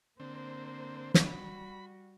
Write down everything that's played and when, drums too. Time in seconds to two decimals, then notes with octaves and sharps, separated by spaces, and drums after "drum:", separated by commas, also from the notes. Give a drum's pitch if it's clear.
0.20 D3 A#3 C4 C5
1.14 drum: snare
1.26 G3 F#4 B5